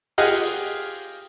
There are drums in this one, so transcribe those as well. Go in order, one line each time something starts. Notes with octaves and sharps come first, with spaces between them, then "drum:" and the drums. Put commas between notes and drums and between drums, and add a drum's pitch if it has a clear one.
F4 G4 G#4 D#5 F5 F#5, drum: open hi-hat